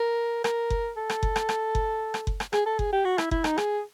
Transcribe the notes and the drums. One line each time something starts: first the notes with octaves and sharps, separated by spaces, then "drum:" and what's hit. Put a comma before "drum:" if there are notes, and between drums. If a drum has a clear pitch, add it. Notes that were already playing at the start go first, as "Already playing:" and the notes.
Already playing: A#4
A#4, drum: rim click
drum: kick F#1
A4
drum: rim click
drum: kick F#1
drum: rim click
drum: rim click
drum: kick F#1
drum: rim click
drum: kick F#1
drum: rim click
G#4, drum: rim click
A4
G#4, drum: kick F#1
G4
F#4
E4, drum: rim click
E4, drum: kick F#1
D#4, drum: rim click
G#4, drum: rim click